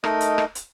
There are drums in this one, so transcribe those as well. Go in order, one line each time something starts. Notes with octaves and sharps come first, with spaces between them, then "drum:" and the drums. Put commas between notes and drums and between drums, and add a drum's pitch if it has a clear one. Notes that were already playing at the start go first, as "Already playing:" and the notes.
A3 D#4 A#4 D#5, drum: rim click
drum: hi-hat
drum: rim click
drum: hi-hat